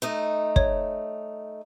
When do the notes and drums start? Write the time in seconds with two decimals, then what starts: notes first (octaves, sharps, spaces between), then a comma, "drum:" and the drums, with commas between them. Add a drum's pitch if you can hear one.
0.02 A3 D#4 D#5
0.56 C#5, drum: kick